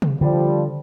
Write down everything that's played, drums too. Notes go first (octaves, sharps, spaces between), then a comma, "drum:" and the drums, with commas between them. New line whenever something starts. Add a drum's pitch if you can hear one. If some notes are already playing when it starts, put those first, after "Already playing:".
drum: tom C3
D3 F3 G3